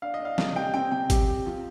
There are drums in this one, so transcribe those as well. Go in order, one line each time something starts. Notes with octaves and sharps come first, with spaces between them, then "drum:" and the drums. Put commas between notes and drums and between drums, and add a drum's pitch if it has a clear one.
D4 F5
D#5
D4
F5
C3 D#5, drum: snare
G3 G5
C4 G5
C3 G5
G4, drum: kick G#1, hi-hat
G4
F3